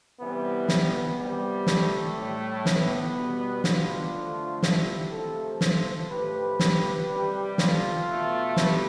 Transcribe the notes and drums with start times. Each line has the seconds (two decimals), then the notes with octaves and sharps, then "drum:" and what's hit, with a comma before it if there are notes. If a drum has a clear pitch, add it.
0.19 C3 E3 G3 B3
0.69 B3, drum: snare
1.18 C3 G3
1.67 A3, drum: snare
2.16 A2 G3
2.66 B3, drum: snare
3.15 B2 G3
3.64 D4 F4, drum: snare
4.13 D3 F3 A3
4.63 E4 G4, drum: snare
5.11 C3 F3 A3 F4 A4
5.61 A4 C5, drum: snare
6.10 A2 F3 A3 G4 B4
6.60 drum: snare
7.09 C3 G3
7.58 F4 A4, drum: snare
8.07 B2 A3
8.56 G4 B4, drum: snare